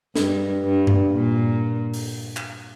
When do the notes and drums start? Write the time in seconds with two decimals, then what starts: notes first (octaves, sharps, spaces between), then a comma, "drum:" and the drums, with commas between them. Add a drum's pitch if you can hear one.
0.16 G2, drum: snare
0.64 G2
0.87 drum: tom G2
1.12 A#2
1.94 drum: open hi-hat
2.36 drum: clap